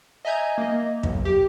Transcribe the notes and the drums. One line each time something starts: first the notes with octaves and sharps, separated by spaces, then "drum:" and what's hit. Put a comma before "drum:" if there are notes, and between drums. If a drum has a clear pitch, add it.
D#5 E5 G#5 A#5 G6 G#6
A#3 D#5
B1, drum: kick
G4